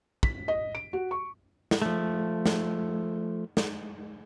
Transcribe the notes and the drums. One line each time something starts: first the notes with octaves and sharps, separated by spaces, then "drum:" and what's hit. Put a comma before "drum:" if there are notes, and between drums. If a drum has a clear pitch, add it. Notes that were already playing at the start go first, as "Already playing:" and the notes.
B6, drum: kick
D#5
D7
F#4
C#6
drum: snare
F3 A3
drum: snare
drum: snare